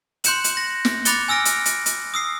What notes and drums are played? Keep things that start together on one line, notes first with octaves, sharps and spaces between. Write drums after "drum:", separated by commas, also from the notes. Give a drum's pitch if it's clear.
C6 F#6 G6 C#7 E7 F#7, drum: hi-hat
drum: hi-hat
A#6
drum: snare
B5 D6 F#6 A6 C#7 G7, drum: hi-hat
G#5 E6 F6 A#6 D7
drum: hi-hat
drum: hi-hat
drum: hi-hat
D#6 E6 C7